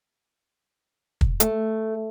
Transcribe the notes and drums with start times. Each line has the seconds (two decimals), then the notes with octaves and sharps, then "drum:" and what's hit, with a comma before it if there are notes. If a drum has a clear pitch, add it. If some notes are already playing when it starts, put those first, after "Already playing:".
1.21 drum: kick
1.40 A3, drum: hi-hat